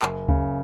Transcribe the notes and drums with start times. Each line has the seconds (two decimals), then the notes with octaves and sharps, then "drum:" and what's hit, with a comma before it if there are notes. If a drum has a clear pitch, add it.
0.02 F#1, drum: clap
0.28 C#3, drum: kick D2